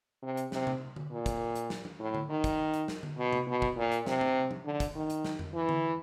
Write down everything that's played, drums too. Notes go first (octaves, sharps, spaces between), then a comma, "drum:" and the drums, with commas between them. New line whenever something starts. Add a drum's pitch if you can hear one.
C3
drum: hi-hat
C3, drum: snare
drum: tom C3
drum: tom D3
A#2
drum: kick, hi-hat
drum: hi-hat
drum: snare
drum: tom F3
A2
drum: tom D3
D#3
drum: kick, hi-hat
drum: hi-hat
drum: snare
drum: tom D3
B2
drum: tom C3
B2
drum: kick
A#2
drum: hi-hat
C3, drum: snare
drum: tom C3
drum: tom F3
D3
drum: kick, hi-hat
D#3
drum: hi-hat
drum: snare
drum: tom F2
E3
drum: tom D3